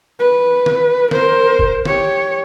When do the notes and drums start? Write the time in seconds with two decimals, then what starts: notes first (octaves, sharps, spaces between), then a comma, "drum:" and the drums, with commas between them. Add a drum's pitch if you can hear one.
0.20 B4
0.66 drum: snare
1.11 A#4 C5, drum: snare
1.59 drum: kick
1.85 G4 C#5, drum: snare